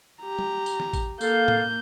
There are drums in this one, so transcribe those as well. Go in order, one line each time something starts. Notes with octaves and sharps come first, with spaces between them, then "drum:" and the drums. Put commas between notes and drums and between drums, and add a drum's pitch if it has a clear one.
G4 A#5
drum: tom
drum: tambourine
drum: snare
drum: kick A1, tambourine
A#3 A4 F5 G6, drum: tambourine
drum: tom A2